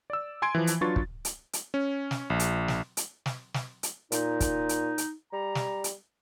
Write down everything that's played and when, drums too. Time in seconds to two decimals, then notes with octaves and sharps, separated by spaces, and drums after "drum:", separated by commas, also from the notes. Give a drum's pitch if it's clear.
0.10 D5 E6
0.42 G#5 C6 G#6 D7
0.55 E3 F3
0.67 drum: hi-hat
0.81 F#3 D4 F4 B4 C#6 A6
0.96 drum: kick
1.25 drum: hi-hat
1.53 drum: hi-hat
1.74 C#4
2.11 drum: snare
2.30 A#1
2.40 drum: hi-hat
2.68 drum: snare
2.97 drum: hi-hat
3.26 drum: snare
3.54 drum: snare
3.83 drum: hi-hat
4.12 A#2 D#4, drum: hi-hat
4.40 drum: kick, hi-hat
4.69 drum: hi-hat
4.98 drum: hi-hat
5.33 G3 A#5
5.55 drum: snare
5.84 drum: hi-hat